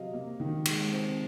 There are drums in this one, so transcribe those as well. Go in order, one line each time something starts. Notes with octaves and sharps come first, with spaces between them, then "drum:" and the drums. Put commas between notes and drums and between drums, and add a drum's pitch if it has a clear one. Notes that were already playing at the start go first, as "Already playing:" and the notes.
Already playing: C3 F#3 D#5 F5
A#3
D#3
G#3, drum: cymbal
C4